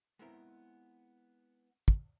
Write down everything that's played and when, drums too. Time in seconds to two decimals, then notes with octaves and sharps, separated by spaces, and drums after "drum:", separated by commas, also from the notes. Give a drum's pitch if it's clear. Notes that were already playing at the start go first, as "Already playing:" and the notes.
0.19 G#3 B3 C4 E4 A#4
1.88 drum: kick